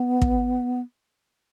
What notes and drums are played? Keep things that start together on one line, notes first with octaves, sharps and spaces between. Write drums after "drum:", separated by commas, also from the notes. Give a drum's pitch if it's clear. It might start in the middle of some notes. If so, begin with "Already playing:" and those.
Already playing: B3
drum: kick